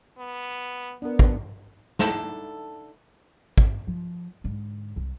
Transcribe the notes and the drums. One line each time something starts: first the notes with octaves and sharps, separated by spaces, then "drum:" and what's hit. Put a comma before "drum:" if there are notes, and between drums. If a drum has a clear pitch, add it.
B3
B3 D4 A#4
drum: kick
D3 D#4 E4 A4, drum: snare
drum: kick
F3
G#2 D3
C2